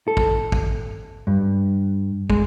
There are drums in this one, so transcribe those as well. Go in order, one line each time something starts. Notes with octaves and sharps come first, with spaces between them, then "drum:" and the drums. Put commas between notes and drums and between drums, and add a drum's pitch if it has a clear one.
A4
drum: kick
drum: kick
G2
G#3, drum: kick